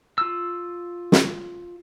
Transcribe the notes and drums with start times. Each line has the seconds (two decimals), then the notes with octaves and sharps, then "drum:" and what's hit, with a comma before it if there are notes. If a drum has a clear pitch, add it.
0.18 F4 E6
1.12 drum: snare